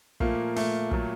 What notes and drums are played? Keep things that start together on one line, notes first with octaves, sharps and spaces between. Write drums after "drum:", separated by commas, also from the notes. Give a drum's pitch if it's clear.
A#2 F3 A3 A#3, drum: kick
A3, drum: open hi-hat
A#2 F#3 A3, drum: kick